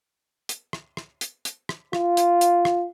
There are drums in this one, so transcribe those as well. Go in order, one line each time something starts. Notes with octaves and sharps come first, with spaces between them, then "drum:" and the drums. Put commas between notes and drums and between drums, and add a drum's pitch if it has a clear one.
drum: hi-hat
drum: rim click
drum: rim click
drum: hi-hat
drum: hi-hat
drum: rim click
F4, drum: rim click
drum: hi-hat
drum: hi-hat
drum: rim click